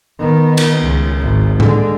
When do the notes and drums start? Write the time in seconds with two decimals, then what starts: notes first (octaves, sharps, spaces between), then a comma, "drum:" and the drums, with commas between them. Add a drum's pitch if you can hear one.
0.19 D#3 B3
0.57 drum: cymbal
0.82 C#2
1.20 G#1
1.60 D3 G#3, drum: tom A2